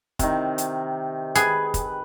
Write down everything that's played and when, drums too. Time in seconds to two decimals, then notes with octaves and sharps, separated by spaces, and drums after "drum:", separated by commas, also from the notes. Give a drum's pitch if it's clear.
0.19 C3 D#3, drum: kick, hi-hat
0.58 drum: hi-hat
1.35 G#4 B4, drum: hi-hat
1.74 drum: kick, hi-hat